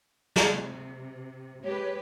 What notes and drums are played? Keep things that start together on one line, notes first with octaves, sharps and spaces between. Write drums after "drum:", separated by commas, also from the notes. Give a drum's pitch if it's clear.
drum: snare
C3
G#3 G4 B4 C#5